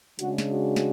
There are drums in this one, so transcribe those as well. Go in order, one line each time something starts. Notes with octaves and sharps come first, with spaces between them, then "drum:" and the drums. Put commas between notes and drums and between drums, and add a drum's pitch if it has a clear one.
C#3 G#3 D4 F#4, drum: hi-hat
drum: snare
F#4
drum: snare